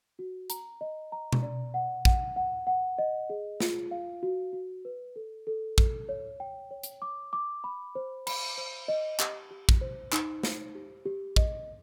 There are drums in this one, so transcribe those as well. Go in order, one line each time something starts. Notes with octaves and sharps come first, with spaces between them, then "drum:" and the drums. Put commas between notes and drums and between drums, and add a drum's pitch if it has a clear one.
F#4
A#5, drum: hi-hat
D#5
A#5
drum: tom B2
D5
F#5
F#5, drum: kick
F#5
F#5
D#5
G#4
F4, drum: snare
F5
F#4
F#4
B4
A4
A4
A4, drum: kick
C#5
G5
C#5
drum: hi-hat
D6
D6
B5
C5
B5, drum: cymbal
C5
D#5
G4, drum: clap
G4
drum: kick
C5
D#4, drum: clap
C5, drum: snare
G4
G4
D#5, drum: kick